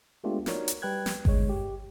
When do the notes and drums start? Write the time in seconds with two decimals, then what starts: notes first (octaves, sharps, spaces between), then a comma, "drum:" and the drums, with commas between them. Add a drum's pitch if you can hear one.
0.24 G#3 A3 B3 D4 F4 G4
0.46 D#4 F#4 A#4 C#5 D5, drum: snare
0.68 drum: hi-hat
0.82 G3 B4 G5 F#6 G#6
1.06 drum: snare
1.25 G1 G2 G#3 C#5, drum: kick G#1
1.49 G4